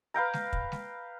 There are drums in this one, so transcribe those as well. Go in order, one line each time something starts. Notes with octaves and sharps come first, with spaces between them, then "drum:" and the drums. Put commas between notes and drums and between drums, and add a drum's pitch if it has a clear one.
B4 F5 G5 A#5
drum: snare G#3
drum: kick
drum: snare G#3